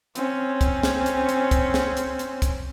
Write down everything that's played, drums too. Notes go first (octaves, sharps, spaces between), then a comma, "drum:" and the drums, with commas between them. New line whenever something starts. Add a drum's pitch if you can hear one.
C4 C#4, drum: hi-hat
drum: kick, hi-hat
drum: snare
drum: hi-hat
drum: hi-hat
drum: kick, hi-hat
drum: snare
drum: hi-hat
drum: hi-hat
drum: kick, hi-hat